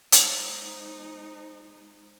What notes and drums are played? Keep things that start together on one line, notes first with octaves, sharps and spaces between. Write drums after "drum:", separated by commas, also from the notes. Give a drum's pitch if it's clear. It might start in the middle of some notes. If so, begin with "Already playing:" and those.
G#3 D#4 C5, drum: hi-hat